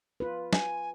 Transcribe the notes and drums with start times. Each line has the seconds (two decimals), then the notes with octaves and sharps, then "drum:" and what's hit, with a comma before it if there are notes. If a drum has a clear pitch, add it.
0.20 F4 B4
0.53 G#5, drum: snare